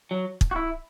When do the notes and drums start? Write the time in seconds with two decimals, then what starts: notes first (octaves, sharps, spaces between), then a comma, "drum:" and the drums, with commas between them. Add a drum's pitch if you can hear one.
0.11 F#3
0.41 drum: kick
0.51 F#4
0.56 E4